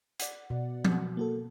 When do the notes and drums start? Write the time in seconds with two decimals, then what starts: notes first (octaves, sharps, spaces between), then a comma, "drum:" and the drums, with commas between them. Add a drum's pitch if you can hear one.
0.19 D5 F#5, drum: hi-hat
0.50 B2
0.85 drum: tom F3
1.17 A#3 F#4 A4